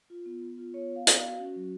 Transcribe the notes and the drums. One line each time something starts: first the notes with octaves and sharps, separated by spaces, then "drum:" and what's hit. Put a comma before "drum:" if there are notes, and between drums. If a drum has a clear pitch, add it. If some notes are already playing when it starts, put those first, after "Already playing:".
F4
B3
B3
F4
B3 C#5
B3
F5
B3, drum: hi-hat
F5
F#4
C#4 F#4
F#3